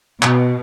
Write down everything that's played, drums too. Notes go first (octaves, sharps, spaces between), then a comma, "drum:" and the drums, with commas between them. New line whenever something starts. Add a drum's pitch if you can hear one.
B2, drum: clap